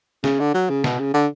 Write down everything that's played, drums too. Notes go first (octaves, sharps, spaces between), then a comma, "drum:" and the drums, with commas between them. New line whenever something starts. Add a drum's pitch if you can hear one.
C#3, drum: snare
D3
F#3
C#3
B2, drum: snare
C#3
D3